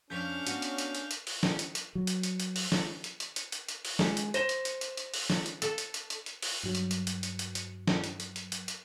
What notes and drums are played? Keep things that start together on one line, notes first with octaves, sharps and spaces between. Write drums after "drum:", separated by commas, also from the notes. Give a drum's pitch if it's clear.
F2 C#4 D4 F5 G6 B6 F7
B3 F#4, drum: hi-hat
drum: hi-hat
drum: hi-hat
drum: hi-hat
drum: hi-hat
drum: open hi-hat
drum: snare
drum: hi-hat
drum: hi-hat
F#3
drum: hi-hat
drum: hi-hat
drum: hi-hat
drum: open hi-hat
drum: snare
drum: hi-hat
drum: hi-hat
drum: hi-hat
drum: hi-hat
drum: hi-hat
drum: open hi-hat
G#3, drum: snare
drum: hi-hat
C5 A#6 D#7 E7 G7, drum: hi-hat
drum: hi-hat
drum: hi-hat
drum: hi-hat
drum: hi-hat
drum: open hi-hat
drum: snare
drum: hi-hat
A4, drum: hi-hat
drum: hi-hat
drum: hi-hat
drum: hi-hat
drum: hi-hat
drum: open hi-hat
G2 F#3
drum: hi-hat
drum: hi-hat
drum: hi-hat
drum: hi-hat
drum: hi-hat
drum: hi-hat
drum: snare
drum: hi-hat
drum: hi-hat
drum: hi-hat
drum: hi-hat
drum: hi-hat